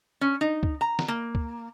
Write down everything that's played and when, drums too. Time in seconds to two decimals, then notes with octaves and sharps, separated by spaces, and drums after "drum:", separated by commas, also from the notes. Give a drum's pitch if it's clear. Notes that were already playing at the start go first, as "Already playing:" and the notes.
0.21 C#4
0.41 D#4
0.63 drum: kick C#2
0.81 A#5
0.99 drum: snare
1.08 A#3
1.35 drum: kick C#2